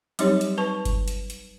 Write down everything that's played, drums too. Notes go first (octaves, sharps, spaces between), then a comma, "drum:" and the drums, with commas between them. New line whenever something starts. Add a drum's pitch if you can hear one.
F#3 G3 C4 D#4 G4 C#5, drum: hi-hat
drum: hi-hat
B4 A5 C#6
drum: kick G1, hi-hat
drum: hi-hat
drum: hi-hat